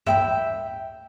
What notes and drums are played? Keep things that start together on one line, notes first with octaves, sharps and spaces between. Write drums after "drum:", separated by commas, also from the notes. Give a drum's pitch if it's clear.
E5 G5 B5, drum: tom G2